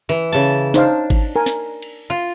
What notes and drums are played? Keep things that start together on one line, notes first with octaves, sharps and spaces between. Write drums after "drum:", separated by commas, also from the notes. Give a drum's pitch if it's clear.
E3
C#3 A5
D4 D#4 C5 F5, drum: snare
drum: kick G#1, cymbal
A#4 G#5
drum: snare
drum: cymbal
F4